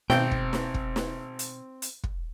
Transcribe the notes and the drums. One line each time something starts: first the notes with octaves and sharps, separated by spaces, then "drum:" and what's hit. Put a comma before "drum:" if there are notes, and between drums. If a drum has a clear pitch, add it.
G#1 B2 C4 G5, drum: snare
drum: kick
drum: snare
drum: kick
drum: snare
drum: hi-hat
drum: hi-hat
drum: kick